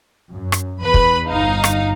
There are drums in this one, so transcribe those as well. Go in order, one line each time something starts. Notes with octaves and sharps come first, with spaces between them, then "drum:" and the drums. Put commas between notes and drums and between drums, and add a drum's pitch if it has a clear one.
F#2
drum: rim click
E2 B4 B5
drum: kick
G1 D#4 F5
drum: rim click